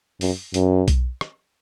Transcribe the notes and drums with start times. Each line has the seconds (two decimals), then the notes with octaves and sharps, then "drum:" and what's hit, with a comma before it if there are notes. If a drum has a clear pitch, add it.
0.21 F#2, drum: open hi-hat
0.54 F#2, drum: hi-hat
0.88 drum: kick B1, hi-hat
1.21 drum: rim click